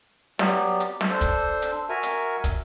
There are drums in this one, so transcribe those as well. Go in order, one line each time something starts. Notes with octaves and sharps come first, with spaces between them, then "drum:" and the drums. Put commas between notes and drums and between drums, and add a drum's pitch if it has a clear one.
F#3 B3 G4 D5, drum: snare
drum: hi-hat
drum: snare
D4 A4 C5
drum: kick, hi-hat
drum: hi-hat
F#4 A#4 E5 G#5
drum: hi-hat
drum: kick, hi-hat